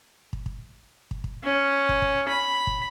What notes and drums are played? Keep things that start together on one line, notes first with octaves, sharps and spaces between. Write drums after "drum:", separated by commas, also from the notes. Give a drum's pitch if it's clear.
drum: kick
drum: kick
drum: kick
drum: kick
C#4
drum: kick
drum: kick
B5
drum: kick